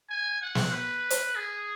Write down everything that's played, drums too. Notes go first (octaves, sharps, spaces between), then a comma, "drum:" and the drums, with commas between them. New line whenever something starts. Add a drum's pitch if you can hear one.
G#5
F#5
drum: snare
B4
drum: hi-hat
G#4